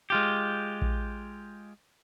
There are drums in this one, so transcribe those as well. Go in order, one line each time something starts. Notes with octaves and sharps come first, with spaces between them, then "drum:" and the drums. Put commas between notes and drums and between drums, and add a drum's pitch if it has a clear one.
G#3 F4 G4
drum: kick A#1